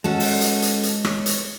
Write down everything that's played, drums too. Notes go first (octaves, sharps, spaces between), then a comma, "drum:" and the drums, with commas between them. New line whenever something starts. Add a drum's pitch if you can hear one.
G#3 C#4 F#4 A4
drum: open hi-hat
drum: hi-hat
drum: hi-hat
drum: hi-hat
C#5, drum: rim click
drum: hi-hat